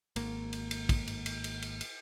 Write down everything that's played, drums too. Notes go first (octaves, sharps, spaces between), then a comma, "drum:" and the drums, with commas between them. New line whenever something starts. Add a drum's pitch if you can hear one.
G#1 A#3, drum: cymbal
drum: cymbal
drum: cymbal
drum: kick, cymbal
drum: cymbal
drum: cymbal
drum: cymbal
drum: cymbal
drum: cymbal